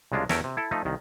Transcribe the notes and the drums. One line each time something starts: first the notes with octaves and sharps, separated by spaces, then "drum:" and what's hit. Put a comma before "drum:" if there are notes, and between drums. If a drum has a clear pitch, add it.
C2 C#3 G#3 D4 F4
E2 A4 A#4 C#5 E5 G5, drum: snare
C3
E4 A4
F3 A3 D#4
C2 D#3